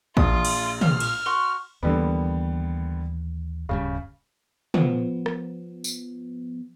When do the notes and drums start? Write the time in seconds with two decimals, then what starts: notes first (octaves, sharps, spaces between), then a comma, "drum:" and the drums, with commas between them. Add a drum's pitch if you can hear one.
0.17 A#1 F4 D#6, drum: kick
0.45 drum: cymbal
0.81 F4 F6, drum: tom
1.00 drum: cymbal
1.26 F#4 C6 C#6
1.83 D#2 D3 E3 G3 A#3 B3
3.69 D1 G2 C#3 G3
4.74 F3 B3, drum: tom
5.26 drum: rim click
5.84 drum: tambourine